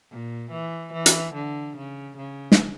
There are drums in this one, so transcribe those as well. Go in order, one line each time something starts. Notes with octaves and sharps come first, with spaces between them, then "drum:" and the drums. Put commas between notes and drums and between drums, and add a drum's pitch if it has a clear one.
A#2
E3
E3
drum: hi-hat
D3
C#3
C#3
drum: snare